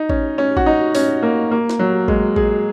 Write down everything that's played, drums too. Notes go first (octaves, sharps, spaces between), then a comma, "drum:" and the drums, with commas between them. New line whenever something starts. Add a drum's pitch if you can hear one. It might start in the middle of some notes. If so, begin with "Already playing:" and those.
Already playing: D#4
C#4, drum: kick A1
C#4
F#4, drum: kick A1
D#4
C#4, drum: open hi-hat
A#3
A#3
drum: snare
F#3
G#3, drum: kick A1
G#4, drum: kick A1